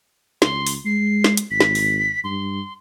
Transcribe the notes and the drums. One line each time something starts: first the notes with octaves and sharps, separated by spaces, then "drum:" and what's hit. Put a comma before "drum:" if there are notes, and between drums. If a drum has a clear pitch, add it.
C#2 C6, drum: snare
drum: open hi-hat
G#3 C7
drum: snare
drum: hi-hat
G#1 B6
drum: snare
drum: open hi-hat
G2 C6